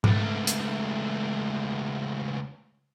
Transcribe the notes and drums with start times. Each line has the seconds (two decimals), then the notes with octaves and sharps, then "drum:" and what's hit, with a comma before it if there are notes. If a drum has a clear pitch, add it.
0.04 C#2 A3, drum: tom G#2
0.47 drum: hi-hat